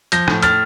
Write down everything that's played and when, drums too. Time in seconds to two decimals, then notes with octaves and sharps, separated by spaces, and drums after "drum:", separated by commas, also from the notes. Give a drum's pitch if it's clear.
0.12 F3 G6 A#6, drum: hi-hat
0.28 A2, drum: rim click
0.42 A2 F6 A6, drum: hi-hat